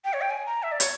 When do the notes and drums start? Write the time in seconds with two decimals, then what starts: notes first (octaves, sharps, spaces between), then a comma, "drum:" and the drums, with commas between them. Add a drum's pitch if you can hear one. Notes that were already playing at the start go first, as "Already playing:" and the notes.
0.05 G5
0.13 C#5
0.21 G5
0.30 G#5
0.46 A#5
0.63 E5
0.72 D5
0.80 C#5, drum: hi-hat